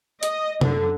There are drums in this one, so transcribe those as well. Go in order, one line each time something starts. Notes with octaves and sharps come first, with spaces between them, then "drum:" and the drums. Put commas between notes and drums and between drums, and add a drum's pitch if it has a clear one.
D#5, drum: hi-hat
F#2 D3, drum: tom C3